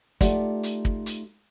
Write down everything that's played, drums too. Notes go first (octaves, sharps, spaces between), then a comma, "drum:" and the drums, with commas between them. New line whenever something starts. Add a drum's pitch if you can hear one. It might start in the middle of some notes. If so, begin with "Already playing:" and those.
A3 D#4 F4 G4 D5 F#5, drum: kick, hi-hat
drum: hi-hat
drum: kick
drum: hi-hat